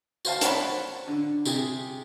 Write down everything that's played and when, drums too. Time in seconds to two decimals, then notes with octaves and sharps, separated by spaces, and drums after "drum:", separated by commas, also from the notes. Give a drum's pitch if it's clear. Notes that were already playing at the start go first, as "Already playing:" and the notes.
0.25 F#4 C5 F5 A5, drum: tambourine
0.41 A#4 C5 C#5 F#5 A5 B5, drum: hi-hat
1.07 D3
1.45 C3 G4 G#4, drum: tambourine